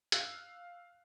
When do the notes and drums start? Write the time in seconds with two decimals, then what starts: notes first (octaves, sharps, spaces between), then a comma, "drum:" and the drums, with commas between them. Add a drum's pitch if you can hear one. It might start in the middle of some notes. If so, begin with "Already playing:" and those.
0.12 F5 E6 F#6, drum: hi-hat